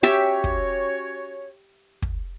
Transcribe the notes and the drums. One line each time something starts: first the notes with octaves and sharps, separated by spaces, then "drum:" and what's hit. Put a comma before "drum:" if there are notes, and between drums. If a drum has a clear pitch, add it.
C#4 F#4 G4 C#5 E5, drum: hi-hat
drum: kick
drum: kick